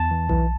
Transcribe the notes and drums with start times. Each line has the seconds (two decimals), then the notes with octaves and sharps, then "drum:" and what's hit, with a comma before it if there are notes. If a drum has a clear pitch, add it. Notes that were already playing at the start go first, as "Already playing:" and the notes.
Already playing: E2 A5
0.11 E3
0.29 E3, drum: kick B1